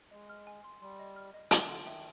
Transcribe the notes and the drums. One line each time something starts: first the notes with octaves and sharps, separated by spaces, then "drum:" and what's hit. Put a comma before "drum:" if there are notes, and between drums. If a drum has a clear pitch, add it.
G#3 D#5
F6
G#5
C6
G3 C6
D#5
F6
D#5
D#3 E5, drum: hi-hat
D3 C6
D#3
E5